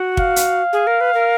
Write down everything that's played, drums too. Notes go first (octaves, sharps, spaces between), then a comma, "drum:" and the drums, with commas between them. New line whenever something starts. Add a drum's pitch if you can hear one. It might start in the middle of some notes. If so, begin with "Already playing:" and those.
Already playing: F#4
F5, drum: kick
drum: hi-hat
G#4
A#4
B4
A#4